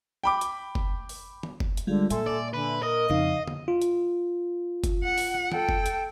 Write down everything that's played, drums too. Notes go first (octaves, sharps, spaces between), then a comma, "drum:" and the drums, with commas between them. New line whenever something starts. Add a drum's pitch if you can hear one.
G5 B5 D6
drum: hi-hat
drum: kick F#1
drum: open hi-hat
drum: tom
drum: kick F#1
drum: hi-hat
D3 G3 G#3 F4
A#2 A4 E5 G#5 C6, drum: hi-hat
D5
D3 B4
A#4 D#5
F2 C#3 D#4 F5
drum: tom D3
F4
drum: hi-hat
drum: kick F#1, hi-hat
F#5
drum: open hi-hat
A4 G5, drum: tom
drum: kick F#1
drum: hi-hat